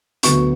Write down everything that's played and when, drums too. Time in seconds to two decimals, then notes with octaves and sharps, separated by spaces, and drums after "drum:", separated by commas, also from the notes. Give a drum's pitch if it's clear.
0.23 D2 D3 F#3 B3 C#6, drum: hi-hat